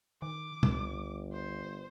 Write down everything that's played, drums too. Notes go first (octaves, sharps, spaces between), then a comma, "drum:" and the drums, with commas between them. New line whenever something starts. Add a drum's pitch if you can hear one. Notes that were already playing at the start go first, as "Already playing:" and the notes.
D#3 D6
G1 C#2, drum: tom
C5